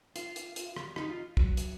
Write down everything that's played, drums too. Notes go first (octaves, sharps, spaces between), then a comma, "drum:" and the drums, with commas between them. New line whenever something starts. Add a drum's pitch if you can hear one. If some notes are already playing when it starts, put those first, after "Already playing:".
F4, drum: hi-hat
drum: hi-hat
drum: hi-hat
drum: rim click
D#4, drum: rim click
F4
F#3, drum: kick
drum: hi-hat